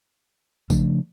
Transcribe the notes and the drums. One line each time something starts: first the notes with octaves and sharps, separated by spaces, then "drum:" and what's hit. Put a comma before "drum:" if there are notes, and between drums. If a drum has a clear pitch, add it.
C#3 F3 A3 D4, drum: kick, tambourine